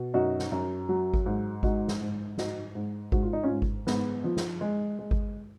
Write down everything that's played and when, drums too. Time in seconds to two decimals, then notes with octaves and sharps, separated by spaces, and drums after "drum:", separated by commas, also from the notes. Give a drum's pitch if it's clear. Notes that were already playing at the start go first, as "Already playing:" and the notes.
Already playing: B2
0.14 F#2 D#4 F#4
0.39 drum: snare
0.52 F#2
0.89 F#3
1.14 drum: kick G#1
1.26 G#2
1.63 G#3 D#4 F#4, drum: kick G#1
1.88 drum: snare
2.01 G#2
2.38 G#2 D#4 F#4, drum: snare
2.75 G#2
3.12 G#2 F#4, drum: kick G#1
3.23 F4
3.33 D#4
3.43 C#4 F4
3.50 G#2
3.62 drum: kick G#1
3.87 G#2 B3, drum: snare
4.24 F3
4.37 drum: snare
4.61 G#3
4.99 G#3
5.11 drum: kick G#1